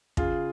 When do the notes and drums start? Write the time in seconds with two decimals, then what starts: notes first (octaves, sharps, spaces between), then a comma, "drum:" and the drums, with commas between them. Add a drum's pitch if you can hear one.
0.17 C#3 F4 G#4, drum: kick